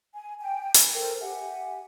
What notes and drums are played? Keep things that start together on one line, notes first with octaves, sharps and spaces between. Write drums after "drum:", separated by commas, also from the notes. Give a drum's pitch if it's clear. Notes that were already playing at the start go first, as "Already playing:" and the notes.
G#5
G5 G#5
drum: hi-hat
A4 A#4 C5 G5
G4 E5 F#5 G#5